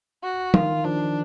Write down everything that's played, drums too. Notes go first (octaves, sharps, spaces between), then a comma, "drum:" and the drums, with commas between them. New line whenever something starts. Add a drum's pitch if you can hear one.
F#4
D#3 F4, drum: tom
F3 D4